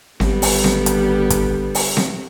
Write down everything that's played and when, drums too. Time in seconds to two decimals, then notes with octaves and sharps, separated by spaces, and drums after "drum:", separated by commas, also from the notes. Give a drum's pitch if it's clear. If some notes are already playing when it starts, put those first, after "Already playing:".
0.20 G#1 D3 G3 B3, drum: snare C4
0.42 drum: open hi-hat
0.64 drum: snare C4
0.86 drum: hi-hat
1.30 drum: kick, hi-hat
1.75 drum: open hi-hat
1.97 drum: snare C4